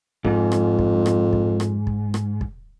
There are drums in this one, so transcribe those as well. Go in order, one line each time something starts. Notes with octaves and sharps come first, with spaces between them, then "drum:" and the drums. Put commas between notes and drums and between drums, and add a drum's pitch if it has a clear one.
F2 G#2, drum: kick
drum: rim click
drum: kick
drum: rim click
drum: kick
drum: rim click
drum: kick
drum: rim click
drum: kick